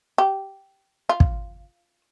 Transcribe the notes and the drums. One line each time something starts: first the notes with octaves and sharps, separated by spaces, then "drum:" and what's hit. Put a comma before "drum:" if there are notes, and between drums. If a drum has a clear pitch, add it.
G4
F4
drum: kick